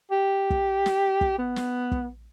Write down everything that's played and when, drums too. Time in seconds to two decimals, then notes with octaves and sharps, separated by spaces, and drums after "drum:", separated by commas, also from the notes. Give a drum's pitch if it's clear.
0.11 G4
0.50 drum: kick
0.86 drum: snare
1.21 drum: kick
1.39 B3
1.56 drum: snare
1.92 drum: kick